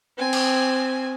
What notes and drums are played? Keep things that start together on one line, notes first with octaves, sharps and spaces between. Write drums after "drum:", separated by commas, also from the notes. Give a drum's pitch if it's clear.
C4 G#5
drum: cymbal